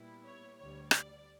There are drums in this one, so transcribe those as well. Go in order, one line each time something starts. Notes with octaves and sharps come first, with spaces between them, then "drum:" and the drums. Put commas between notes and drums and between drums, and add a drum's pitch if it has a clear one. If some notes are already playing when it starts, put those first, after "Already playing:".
Already playing: A#2 G3 B3 E4
C#5
D2 D3 G3 C#5
D5, drum: rim click